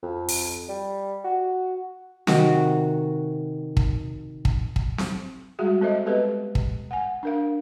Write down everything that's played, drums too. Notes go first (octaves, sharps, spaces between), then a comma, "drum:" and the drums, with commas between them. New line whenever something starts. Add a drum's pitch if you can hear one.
F2
drum: open hi-hat
G3
F#4
C3 D#3 F#4, drum: snare C4
drum: kick
drum: kick
drum: kick
drum: snare C4
G3 G#3 F#4 G#4 E5
C4 A4 C5 D#5 E5
G#3 B3 G4 A4 B4 D#5
drum: kick
F#5 G#5
D4 A#4 F5